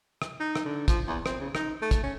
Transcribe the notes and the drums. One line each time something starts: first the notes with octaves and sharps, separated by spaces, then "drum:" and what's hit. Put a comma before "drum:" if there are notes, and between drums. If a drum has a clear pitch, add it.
drum: rim click
D#4
drum: rim click
D3
F3, drum: kick, hi-hat
E2
C4, drum: rim click
C#3
D#4, drum: rim click
A3
drum: kick, hi-hat
C#4